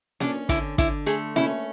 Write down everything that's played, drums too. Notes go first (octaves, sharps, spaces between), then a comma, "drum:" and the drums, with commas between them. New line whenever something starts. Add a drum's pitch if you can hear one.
C#4 D4, drum: snare A#3
D3 E4, drum: kick, hi-hat
D3 E4, drum: kick, hi-hat
A3 G#4, drum: hi-hat
C#4 E4, drum: snare A#3